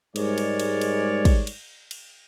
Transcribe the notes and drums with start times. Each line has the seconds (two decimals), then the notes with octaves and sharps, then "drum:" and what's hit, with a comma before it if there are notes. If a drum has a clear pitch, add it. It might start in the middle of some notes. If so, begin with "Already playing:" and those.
0.16 G#2 G3 G#3 A#4 C#5 D5, drum: cymbal
0.38 drum: cymbal
0.60 drum: cymbal
0.81 drum: cymbal
1.25 drum: kick, cymbal
1.47 drum: cymbal
1.91 drum: cymbal